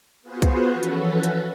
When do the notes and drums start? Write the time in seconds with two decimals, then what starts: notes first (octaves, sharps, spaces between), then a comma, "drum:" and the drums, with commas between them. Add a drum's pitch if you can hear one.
0.22 B3 F4 F#4 G#4 B4 C5
0.42 drum: kick C2, hi-hat
0.71 E3 F3 C#4 F#4 A4 B4
0.83 drum: hi-hat
1.23 drum: hi-hat